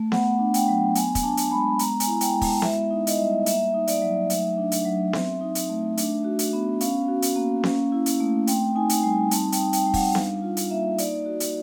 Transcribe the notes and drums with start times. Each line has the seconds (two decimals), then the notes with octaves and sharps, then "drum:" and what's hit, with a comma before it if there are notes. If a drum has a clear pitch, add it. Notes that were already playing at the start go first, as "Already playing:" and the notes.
Already playing: A3
0.12 B3 F#5, drum: snare B3
0.39 D4
0.54 G5, drum: hi-hat
0.68 F#3
0.95 B3 G#5, drum: hi-hat
1.15 G#5, drum: kick, hi-hat
1.23 D4 A5
1.37 drum: hi-hat
1.51 G#3 B5
1.79 B3 A#5, drum: hi-hat
2.00 G#5, drum: hi-hat
2.07 E4
2.21 G5, drum: hi-hat
2.35 G#3
2.41 A5, drum: kick, open hi-hat
2.62 B3 E5, drum: snare B3
2.91 D#4
3.07 D#5, drum: hi-hat
3.18 G3 E5
3.46 A#3 E5, drum: hi-hat
3.74 D#4
3.87 D5, drum: hi-hat
4.02 F#3
4.30 A3 E5, drum: hi-hat
4.58 D4
4.72 drum: hi-hat
4.85 F#3
5.13 C4, drum: snare B3
5.41 D#4
5.55 drum: hi-hat
5.70 A3
5.97 D4, drum: hi-hat
6.24 F#4
6.39 drum: hi-hat
6.53 B3
6.81 C#4 F5, drum: hi-hat
7.08 F#4
7.22 drum: hi-hat
7.36 A#3
7.63 C#4, drum: snare B3
7.92 E4
8.06 drum: hi-hat
8.20 A3
8.47 C4 G5, drum: hi-hat
8.75 D#4 G#5
8.89 drum: hi-hat
9.03 G3 G#5
9.31 C4 A5, drum: hi-hat
9.52 G5, drum: hi-hat
9.60 D#4
9.73 G5, drum: hi-hat
9.87 G3
9.94 F#5, drum: kick, open hi-hat
10.15 D4 F5, drum: snare B3
10.42 F4
10.57 drum: hi-hat
10.70 A#3 E5
10.98 D#4 D5, drum: hi-hat
11.26 F#4
11.40 drum: hi-hat